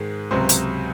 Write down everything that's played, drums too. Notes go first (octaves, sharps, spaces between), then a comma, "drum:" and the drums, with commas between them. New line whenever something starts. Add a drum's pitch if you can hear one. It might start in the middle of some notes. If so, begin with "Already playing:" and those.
Already playing: G#2 D#3 G#3
C#2 C3 F#3 C5
drum: hi-hat